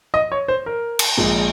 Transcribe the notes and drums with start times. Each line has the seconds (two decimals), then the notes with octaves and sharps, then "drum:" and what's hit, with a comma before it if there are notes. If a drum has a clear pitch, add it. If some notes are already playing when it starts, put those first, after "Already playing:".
0.14 D#5
0.32 C#5
0.48 C5
0.66 A#4
0.99 drum: cymbal
1.17 A#1 A#2 G#3